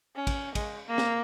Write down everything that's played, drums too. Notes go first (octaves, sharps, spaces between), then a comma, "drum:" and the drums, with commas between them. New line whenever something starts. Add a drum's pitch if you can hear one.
C#4
drum: kick, cymbal
G#3, drum: kick, cymbal
A#3
drum: snare